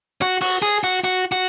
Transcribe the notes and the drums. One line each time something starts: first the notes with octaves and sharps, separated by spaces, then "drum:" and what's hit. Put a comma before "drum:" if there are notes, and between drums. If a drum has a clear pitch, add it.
F#4
F#4, drum: open hi-hat
G#4
F#4
F#4
F#4